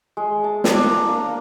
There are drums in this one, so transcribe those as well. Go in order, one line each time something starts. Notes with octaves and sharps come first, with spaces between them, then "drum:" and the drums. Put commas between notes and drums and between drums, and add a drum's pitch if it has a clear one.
G#3
A5
drum: snare
D4
A#5
A#3